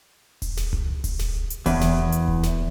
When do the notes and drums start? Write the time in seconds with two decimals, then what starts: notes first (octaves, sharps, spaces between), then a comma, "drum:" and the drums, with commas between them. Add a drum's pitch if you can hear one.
0.42 drum: kick D#1, open hi-hat
0.57 drum: snare
0.73 drum: tom C2
1.04 drum: kick D#1, open hi-hat
1.19 drum: snare
1.50 drum: hi-hat
1.66 E2, drum: kick D#1, open hi-hat
1.81 drum: snare
2.12 drum: hi-hat
2.28 drum: kick D#1
2.43 drum: snare